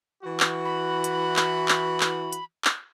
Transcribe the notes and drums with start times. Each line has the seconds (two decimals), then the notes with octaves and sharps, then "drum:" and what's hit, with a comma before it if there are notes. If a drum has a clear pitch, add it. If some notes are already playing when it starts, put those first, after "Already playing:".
0.24 E3 F#4
0.40 drum: clap
0.65 B5
1.04 drum: hi-hat
1.36 drum: clap
1.68 drum: clap
2.00 drum: clap
2.33 drum: hi-hat
2.65 drum: clap